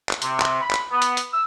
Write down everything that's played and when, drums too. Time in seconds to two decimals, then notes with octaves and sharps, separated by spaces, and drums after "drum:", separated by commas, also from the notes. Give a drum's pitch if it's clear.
0.09 drum: clap
0.22 C3, drum: hi-hat
0.40 drum: clap
0.61 B5
0.71 drum: clap
0.91 B3
1.02 drum: hi-hat
1.17 drum: hi-hat
1.33 E6